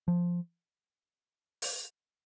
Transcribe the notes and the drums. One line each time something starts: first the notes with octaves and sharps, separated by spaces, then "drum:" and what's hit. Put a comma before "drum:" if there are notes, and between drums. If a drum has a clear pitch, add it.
F3
drum: open hi-hat